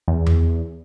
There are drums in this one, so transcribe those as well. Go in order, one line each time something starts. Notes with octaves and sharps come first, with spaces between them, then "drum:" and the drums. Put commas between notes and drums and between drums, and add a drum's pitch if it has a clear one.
E2
drum: tom E2